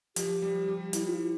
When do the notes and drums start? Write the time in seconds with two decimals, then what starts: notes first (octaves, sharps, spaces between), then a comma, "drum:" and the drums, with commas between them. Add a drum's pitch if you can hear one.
0.16 F3 G4, drum: hi-hat
0.42 G3
0.68 G3
0.93 G3 E4, drum: hi-hat
1.05 F4
1.16 E4